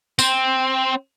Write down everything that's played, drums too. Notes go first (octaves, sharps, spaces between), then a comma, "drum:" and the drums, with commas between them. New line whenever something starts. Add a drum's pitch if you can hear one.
C4, drum: tambourine